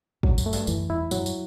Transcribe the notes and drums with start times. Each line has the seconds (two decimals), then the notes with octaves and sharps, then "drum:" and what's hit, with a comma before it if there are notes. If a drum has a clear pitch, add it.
0.23 A2 F#3, drum: kick
0.38 F#2, drum: tambourine
0.46 A3
0.53 G2, drum: tambourine
0.67 F#2 E3, drum: tambourine
0.89 E2 E4
1.11 F#2 F#3, drum: tambourine
1.26 drum: tambourine